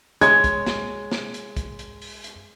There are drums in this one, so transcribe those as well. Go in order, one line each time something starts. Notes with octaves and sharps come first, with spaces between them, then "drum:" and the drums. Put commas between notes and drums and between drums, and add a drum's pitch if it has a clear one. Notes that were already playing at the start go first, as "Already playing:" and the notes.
G#3 C#5 G#6, drum: hi-hat
drum: kick, hi-hat
drum: snare
drum: snare
drum: hi-hat
drum: kick, hi-hat
drum: hi-hat
drum: open hi-hat
drum: hi-hat